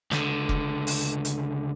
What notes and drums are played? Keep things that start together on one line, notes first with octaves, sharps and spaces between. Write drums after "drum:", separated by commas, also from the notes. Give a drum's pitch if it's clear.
C#2 D3, drum: snare
drum: kick F1
drum: open hi-hat
drum: hi-hat